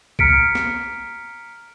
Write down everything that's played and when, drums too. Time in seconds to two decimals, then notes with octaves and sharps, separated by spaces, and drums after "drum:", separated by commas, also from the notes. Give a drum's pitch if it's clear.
0.19 A#5 F6 B6 C#7 D7, drum: kick
0.55 drum: snare